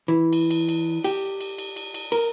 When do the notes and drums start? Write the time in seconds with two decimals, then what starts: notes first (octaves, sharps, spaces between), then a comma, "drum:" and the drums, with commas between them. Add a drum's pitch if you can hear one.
0.08 E3
0.33 drum: cymbal
0.51 drum: cymbal
0.69 drum: cymbal
1.04 G4, drum: cymbal
1.40 drum: cymbal
1.58 drum: cymbal
1.76 drum: cymbal
1.94 drum: cymbal
2.12 A#4, drum: cymbal